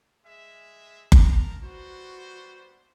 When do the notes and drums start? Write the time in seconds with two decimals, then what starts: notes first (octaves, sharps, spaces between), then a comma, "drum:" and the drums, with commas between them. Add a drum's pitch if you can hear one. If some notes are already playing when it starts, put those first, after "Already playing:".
0.25 G#3 G#4 E5
1.12 A#4 A5 A#5, drum: kick F#1
1.64 G3 B3 F#4 C5